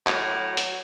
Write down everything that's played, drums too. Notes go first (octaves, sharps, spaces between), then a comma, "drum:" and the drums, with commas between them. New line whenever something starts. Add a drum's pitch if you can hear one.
A2 F#3, drum: clap
drum: hi-hat